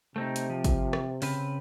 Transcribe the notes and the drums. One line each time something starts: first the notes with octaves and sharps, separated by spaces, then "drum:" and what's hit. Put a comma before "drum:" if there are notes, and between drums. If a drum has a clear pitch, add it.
C3 A3 C4 D#4
drum: hi-hat
F3
drum: kick, hi-hat
drum: rim click
C#3 C4 B4, drum: open hi-hat